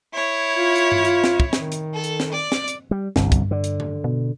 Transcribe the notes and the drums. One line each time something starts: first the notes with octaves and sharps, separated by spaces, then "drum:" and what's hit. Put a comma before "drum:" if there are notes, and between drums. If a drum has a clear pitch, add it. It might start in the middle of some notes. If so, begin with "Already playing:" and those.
E4 C#5
F4
drum: hi-hat
drum: tom G2
F4, drum: hi-hat
drum: snare
drum: kick
D#3, drum: snare
drum: hi-hat
A4
drum: hi-hat
drum: snare
D5
drum: snare
drum: hi-hat
G3
G1 C2 G2, drum: snare
drum: kick, hi-hat
D3
drum: hi-hat
drum: tom G2
B2